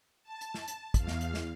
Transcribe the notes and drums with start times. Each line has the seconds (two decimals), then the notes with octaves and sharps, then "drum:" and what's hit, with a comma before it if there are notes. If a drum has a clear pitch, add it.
0.23 A5
0.41 drum: hi-hat
0.54 drum: snare
0.68 drum: hi-hat
0.94 E2 F5, drum: kick, hi-hat
1.07 drum: snare
1.21 drum: hi-hat
1.34 drum: snare